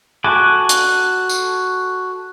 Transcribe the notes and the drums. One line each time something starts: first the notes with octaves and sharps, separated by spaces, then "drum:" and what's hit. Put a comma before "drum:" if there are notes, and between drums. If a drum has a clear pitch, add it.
F#4 A4 G#5 B5 D6
drum: hi-hat
drum: tambourine